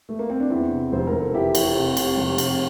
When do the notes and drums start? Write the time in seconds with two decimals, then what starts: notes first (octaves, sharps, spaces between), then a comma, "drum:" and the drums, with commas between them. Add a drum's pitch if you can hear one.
0.09 A3
0.19 A#3
0.30 C4
0.40 D4
0.50 E2 C4 E4
0.71 C3
0.92 F1 C5
1.07 A#4
1.13 F1
1.20 A4
1.34 E3 E4 G4
1.55 E3, drum: cymbal
1.76 C3
1.97 C3, drum: cymbal
2.17 F1
2.38 C3, drum: cymbal